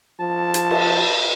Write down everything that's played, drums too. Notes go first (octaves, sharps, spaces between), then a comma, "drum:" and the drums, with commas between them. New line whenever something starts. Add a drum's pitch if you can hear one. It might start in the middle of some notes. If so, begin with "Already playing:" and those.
F3 A5
drum: hi-hat
drum: cymbal